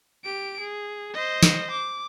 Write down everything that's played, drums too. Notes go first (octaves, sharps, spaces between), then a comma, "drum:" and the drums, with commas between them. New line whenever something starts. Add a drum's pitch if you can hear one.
G4 D7
G#4
C5 D#5
drum: snare
D6